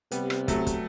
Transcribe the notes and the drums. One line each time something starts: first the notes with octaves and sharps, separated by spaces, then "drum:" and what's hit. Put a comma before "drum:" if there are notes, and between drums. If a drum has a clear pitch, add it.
C3 G3 B3, drum: hi-hat
drum: rim click
F#3 A3, drum: kick, hi-hat
drum: kick, hi-hat